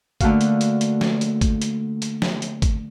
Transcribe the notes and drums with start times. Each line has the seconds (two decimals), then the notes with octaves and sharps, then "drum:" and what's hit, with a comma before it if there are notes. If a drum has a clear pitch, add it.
0.21 D3 A3 A#3 F#4 F5, drum: kick, hi-hat
0.41 drum: hi-hat
0.61 drum: hi-hat
0.81 drum: hi-hat
1.01 drum: snare
1.21 drum: hi-hat
1.41 drum: kick, hi-hat
1.62 drum: hi-hat
2.02 drum: hi-hat
2.22 drum: snare
2.42 drum: hi-hat
2.62 drum: kick, hi-hat